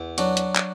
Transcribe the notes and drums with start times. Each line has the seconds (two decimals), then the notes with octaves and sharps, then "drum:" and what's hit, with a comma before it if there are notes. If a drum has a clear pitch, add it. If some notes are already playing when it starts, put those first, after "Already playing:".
Already playing: E2
0.18 F#3 D4 F#4, drum: hi-hat
0.37 drum: hi-hat
0.55 drum: clap